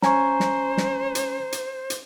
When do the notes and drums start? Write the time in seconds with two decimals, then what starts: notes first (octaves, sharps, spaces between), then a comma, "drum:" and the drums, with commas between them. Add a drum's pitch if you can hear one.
0.02 C#4 C5 G#5 A#5 C#6, drum: snare
0.40 drum: snare
0.77 drum: snare
1.15 drum: hi-hat
1.52 drum: hi-hat
1.90 drum: hi-hat